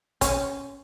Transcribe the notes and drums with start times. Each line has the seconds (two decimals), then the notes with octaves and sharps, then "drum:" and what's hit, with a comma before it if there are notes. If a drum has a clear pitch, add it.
0.21 C#4, drum: kick, hi-hat